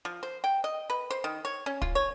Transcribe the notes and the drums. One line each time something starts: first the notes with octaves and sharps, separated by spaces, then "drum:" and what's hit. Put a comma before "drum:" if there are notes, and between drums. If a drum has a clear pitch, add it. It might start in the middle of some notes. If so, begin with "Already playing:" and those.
F3
C5
G5
D#5
B4
C5
D#3
C#5
C#4
F4, drum: kick
C#5